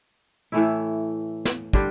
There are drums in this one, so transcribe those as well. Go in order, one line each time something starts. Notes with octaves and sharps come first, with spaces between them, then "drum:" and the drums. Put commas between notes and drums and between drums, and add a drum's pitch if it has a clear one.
A2 E3 A3 E4
drum: snare
D3 G3 D4 G4, drum: kick